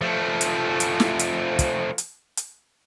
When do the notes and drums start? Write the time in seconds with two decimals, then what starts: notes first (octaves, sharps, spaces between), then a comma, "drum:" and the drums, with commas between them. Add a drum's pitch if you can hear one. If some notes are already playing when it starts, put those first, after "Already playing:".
0.01 F3 A3
0.41 drum: hi-hat
0.80 drum: hi-hat
1.00 drum: snare
1.19 drum: hi-hat
1.59 drum: kick, hi-hat
1.98 drum: hi-hat
2.37 drum: hi-hat